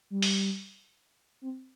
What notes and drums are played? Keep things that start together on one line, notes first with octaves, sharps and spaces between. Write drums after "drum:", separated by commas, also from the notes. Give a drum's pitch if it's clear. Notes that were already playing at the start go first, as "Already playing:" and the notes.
G3
drum: open hi-hat
C4